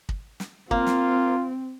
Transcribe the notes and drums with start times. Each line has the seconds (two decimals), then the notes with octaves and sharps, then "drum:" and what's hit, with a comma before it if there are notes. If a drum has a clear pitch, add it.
0.09 drum: kick
0.40 drum: snare
0.71 A#3 C4 F4, drum: kick
0.87 drum: snare